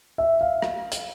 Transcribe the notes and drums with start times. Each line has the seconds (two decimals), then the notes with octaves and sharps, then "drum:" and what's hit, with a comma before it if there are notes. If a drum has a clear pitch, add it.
0.18 E5
0.41 F5
0.62 drum: rim click
0.92 drum: hi-hat